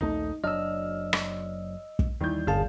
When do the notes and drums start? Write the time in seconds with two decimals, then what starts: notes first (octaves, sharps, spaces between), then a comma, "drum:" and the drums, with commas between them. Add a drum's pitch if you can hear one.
0.01 A#1 D#2 A3 D#4
0.44 F#1 F#3 D4 D#5 E6 F6
1.13 drum: rim click
1.99 drum: kick
2.20 D#2 D#3 E3 G3 G6
2.47 G1 G#4 F5 A5